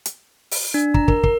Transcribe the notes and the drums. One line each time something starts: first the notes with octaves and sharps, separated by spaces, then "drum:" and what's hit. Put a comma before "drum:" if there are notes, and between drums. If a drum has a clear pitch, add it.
drum: hi-hat
drum: open hi-hat
D4
A#5, drum: kick
A#4, drum: kick
A#4, drum: kick